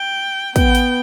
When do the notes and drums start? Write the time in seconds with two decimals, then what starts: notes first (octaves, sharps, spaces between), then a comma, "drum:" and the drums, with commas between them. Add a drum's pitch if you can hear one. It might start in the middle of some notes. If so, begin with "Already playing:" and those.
Already playing: G5
0.56 B3 G5, drum: kick, hi-hat
0.75 drum: hi-hat